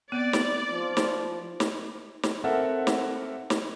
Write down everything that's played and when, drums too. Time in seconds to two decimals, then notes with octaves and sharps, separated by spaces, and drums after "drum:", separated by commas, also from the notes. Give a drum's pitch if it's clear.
0.12 B3 C4 D5
0.33 drum: snare
0.72 F3 F4
0.97 drum: snare
1.60 drum: snare
2.23 drum: snare
2.44 C4 A4 A#4 E5 F#5
2.87 drum: snare
3.50 drum: snare